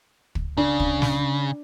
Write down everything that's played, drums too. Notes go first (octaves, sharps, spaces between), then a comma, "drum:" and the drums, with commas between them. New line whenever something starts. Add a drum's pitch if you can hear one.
drum: kick
C#3 D4
drum: kick
drum: snare